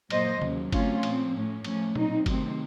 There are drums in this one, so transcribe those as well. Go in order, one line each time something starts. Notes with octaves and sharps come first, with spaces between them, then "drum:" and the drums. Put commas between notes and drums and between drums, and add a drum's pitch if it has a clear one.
A#2 F#3 A#3 C5 D#5, drum: cymbal
D#2 C#3 F#3, drum: tom C3
C#3 F#3 A3 C4 C#4 F4, drum: kick G1, cymbal
A#2 F3 C4, drum: cymbal
A2 A3 C#4
A2 F3 A3 C#4, drum: cymbal
A#2 F#3 C4 D#4, drum: tom B2
C3 D#3 F#3 A3 C4, drum: kick G1, cymbal